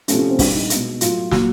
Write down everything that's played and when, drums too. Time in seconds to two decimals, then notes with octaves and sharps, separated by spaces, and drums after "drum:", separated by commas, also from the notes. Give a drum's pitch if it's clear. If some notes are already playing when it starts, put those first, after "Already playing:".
0.08 C3 F3 A3 C#4, drum: hi-hat
0.18 C#4
0.29 C4
0.39 A#2 G3 A#3 D4, drum: kick, open hi-hat
0.55 D#4
0.70 B2 G#3, drum: hi-hat
1.01 A2 F#3 A3 F4, drum: hi-hat
1.31 A#2 F#3 A#3 F#4, drum: snare